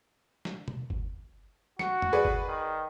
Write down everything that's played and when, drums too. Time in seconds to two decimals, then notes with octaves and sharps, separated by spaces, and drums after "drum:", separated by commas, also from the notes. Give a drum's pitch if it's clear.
0.45 drum: snare
0.68 drum: tom
0.90 drum: kick G1
1.79 F#4 C#7, drum: snare
2.02 drum: tom
2.13 G#4 B4 D5
2.25 drum: kick G1
2.47 D#3